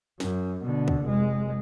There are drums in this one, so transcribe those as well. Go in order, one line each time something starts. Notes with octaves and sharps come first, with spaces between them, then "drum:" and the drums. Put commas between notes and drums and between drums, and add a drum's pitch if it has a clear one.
F#2, drum: snare
B2 D3
drum: kick C#2
F1 G#3